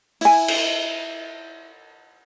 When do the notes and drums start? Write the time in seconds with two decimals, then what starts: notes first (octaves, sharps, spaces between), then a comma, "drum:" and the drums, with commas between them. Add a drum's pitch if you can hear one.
0.21 E4 G#5, drum: open hi-hat
0.48 drum: cymbal